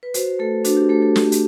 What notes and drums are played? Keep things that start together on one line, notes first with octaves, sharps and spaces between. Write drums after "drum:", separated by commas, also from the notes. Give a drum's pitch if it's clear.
B4
F#4 C5, drum: hi-hat
A3 A4
D4 F#4, drum: hi-hat
G4
A3 A4
A4
F#4 G4, drum: snare
drum: hi-hat